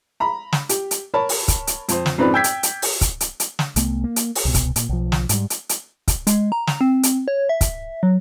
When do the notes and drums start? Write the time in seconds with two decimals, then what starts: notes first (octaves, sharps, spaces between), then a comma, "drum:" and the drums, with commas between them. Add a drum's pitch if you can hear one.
0.20 A#5 B5
0.53 drum: snare
0.69 G4, drum: hi-hat
0.91 drum: hi-hat
1.14 A#4 C#5 A5 B5
1.29 drum: open hi-hat
1.48 drum: kick, hi-hat
1.67 drum: hi-hat
1.89 F2 C5, drum: hi-hat
2.06 drum: snare
2.18 F2 G#2 C#3 C4 B4 D5
2.34 G5 E6 G6 G#6 B6
2.44 drum: hi-hat
2.63 drum: hi-hat
2.82 drum: open hi-hat
3.01 drum: kick, hi-hat
3.20 drum: hi-hat
3.40 drum: hi-hat
3.59 drum: snare
3.76 C2 A3 B3, drum: hi-hat
4.04 A#3
4.16 drum: hi-hat
4.35 drum: open hi-hat
4.45 C2 B2
4.54 drum: kick, hi-hat
4.76 A#2, drum: hi-hat
4.89 B1 F3
5.12 drum: snare
5.29 G#2 G3, drum: hi-hat
5.50 drum: hi-hat
5.69 drum: hi-hat
6.08 drum: kick, hi-hat
6.27 G#3, drum: hi-hat
6.52 A#5
6.67 A#5, drum: snare
6.81 C4
7.03 drum: hi-hat
7.28 C#5
7.49 E5
7.61 drum: kick, hi-hat
8.03 F#3